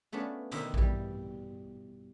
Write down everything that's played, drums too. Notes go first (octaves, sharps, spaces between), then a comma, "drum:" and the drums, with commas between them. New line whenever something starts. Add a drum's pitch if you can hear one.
A3 B3 C#4 D4 F4
B2 D3 D#3 D#4 C5 E5, drum: hi-hat
E3 G3, drum: kick A#1